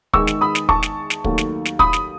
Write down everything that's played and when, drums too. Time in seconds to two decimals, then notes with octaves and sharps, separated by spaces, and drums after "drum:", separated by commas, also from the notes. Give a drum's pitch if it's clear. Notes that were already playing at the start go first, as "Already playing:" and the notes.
0.13 E2 D#3 G#3 B3 C#6 E6, drum: kick
0.27 drum: snare
0.41 B5 D#6
0.55 drum: snare
0.69 A5 C#6, drum: kick
0.83 drum: snare
1.10 drum: snare
1.24 D#2 D#3 F#3 A3, drum: kick
1.38 drum: snare
1.65 drum: snare
1.79 B5 D#6, drum: kick
1.93 drum: snare